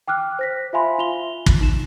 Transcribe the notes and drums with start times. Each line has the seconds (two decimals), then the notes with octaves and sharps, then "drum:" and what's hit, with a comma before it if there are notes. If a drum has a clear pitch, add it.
0.08 G5 D6 F6 F#6
0.39 C5 A#6 B6
0.73 F4 E5 F5 G#5 B5 C6
0.98 F4 F7 G7
1.46 drum: kick
1.61 D#4 E7